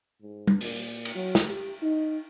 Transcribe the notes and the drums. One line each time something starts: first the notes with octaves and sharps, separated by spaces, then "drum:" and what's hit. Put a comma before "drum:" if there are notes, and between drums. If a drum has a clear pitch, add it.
G#2
drum: tom
A#2, drum: open hi-hat
drum: cymbal
F#3
drum: snare
G4
D#4